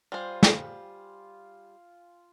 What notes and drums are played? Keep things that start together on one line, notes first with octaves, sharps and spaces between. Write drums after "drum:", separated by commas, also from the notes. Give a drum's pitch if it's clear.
G3 F4 C5 G#5
drum: snare